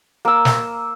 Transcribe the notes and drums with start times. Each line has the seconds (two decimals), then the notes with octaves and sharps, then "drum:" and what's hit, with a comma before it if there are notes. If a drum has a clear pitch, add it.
0.25 A#3 E6
0.45 drum: snare